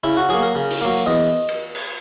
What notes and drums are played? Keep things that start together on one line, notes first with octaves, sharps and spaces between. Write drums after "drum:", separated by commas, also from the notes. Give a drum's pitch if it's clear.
C#3 E4
F#4
F#3 A#3 G#4
A#4
C#3
drum: open hi-hat
F#3 A#3
E2 D#5
drum: cymbal
drum: cymbal